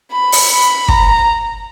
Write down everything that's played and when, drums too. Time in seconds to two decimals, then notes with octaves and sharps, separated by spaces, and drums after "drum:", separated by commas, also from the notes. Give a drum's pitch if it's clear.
0.11 B5
0.32 drum: open hi-hat
0.50 B5
0.88 A#5, drum: kick